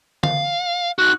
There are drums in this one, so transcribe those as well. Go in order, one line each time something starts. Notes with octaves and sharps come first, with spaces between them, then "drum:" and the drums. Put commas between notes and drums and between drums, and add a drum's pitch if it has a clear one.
F5, drum: tom D3
D#4 F#4 F#6